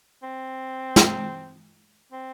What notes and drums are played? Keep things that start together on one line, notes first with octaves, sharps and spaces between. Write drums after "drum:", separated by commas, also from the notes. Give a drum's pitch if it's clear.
C4
drum: snare
C4